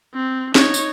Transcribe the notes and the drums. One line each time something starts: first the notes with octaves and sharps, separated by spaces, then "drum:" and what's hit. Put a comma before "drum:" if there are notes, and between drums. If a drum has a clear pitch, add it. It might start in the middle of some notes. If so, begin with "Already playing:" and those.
C4
D#4 C#5, drum: snare
drum: tambourine